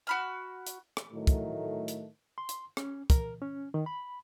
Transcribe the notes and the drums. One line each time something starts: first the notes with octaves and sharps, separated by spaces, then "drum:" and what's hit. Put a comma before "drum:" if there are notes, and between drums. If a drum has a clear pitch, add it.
F#4 B5 F6
drum: hi-hat
drum: rim click
A2 D#3 F#3 A3
drum: kick, hi-hat
drum: hi-hat
C6
drum: hi-hat
C#4, drum: rim click
A#4, drum: kick, hi-hat
C#4
D#3
B5